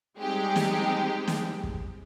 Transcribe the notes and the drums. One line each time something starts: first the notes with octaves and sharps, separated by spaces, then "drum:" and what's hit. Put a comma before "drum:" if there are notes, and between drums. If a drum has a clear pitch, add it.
G3 G#3 C4 D#4 G4 G#4
drum: snare
drum: snare
drum: kick